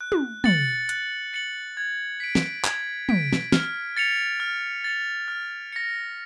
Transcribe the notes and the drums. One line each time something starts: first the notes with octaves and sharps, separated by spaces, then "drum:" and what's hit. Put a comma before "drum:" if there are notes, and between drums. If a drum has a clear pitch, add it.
F#6
drum: tom
A6 C#7 F#7, drum: tom
F#6, drum: hi-hat
A6 C#7 F#7
G#6
B6 D7
drum: snare
G#6, drum: clap
B6 D7, drum: tom
drum: snare
F6, drum: snare
A6 C#7 F7
F6
A6 C#7 F7
F6
A#6 C#7